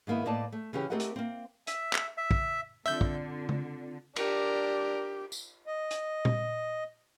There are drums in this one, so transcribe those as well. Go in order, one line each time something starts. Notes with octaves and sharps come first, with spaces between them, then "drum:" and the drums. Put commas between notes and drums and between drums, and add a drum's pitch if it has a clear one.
G#2 D#3 A#3 B3 E4
A2 A#3 B3 D5 D#5 A5
A3
C#3 E3 C#4 F#4 G4
A3 C4 G4 A#4 D#5 F#5
drum: hi-hat
A#3 C4
E5, drum: hi-hat
drum: clap
E5
drum: kick
D3 C4 F4 E5 G6
drum: kick
drum: tom C#3
D4 G4 A#4, drum: cymbal
drum: tambourine
D#5
drum: hi-hat
drum: tom